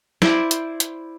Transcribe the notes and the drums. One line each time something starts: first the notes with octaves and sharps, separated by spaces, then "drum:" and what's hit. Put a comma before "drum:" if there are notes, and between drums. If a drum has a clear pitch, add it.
E4 C5 D5, drum: snare
drum: hi-hat
drum: hi-hat